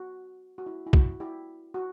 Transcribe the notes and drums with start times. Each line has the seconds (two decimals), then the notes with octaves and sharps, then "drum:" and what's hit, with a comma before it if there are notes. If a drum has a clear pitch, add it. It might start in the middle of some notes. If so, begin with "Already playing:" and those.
Already playing: F#4
0.58 F#4
0.66 E4
0.87 E4
0.93 F#4, drum: kick
1.20 E4 G4
1.74 F#4